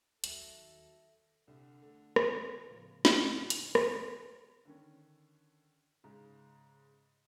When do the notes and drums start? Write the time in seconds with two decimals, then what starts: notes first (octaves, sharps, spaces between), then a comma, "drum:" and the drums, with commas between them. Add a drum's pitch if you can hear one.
0.24 D#2 F#3 D#4 A4 E5 A#6, drum: hi-hat
1.47 C2 D3
1.82 A3
2.16 C#3, drum: rim click
2.70 A2 C#3 F3 B3
3.05 drum: snare
3.50 drum: hi-hat
3.75 drum: rim click
4.65 D3 D#3 C#4
6.04 G#2 C#3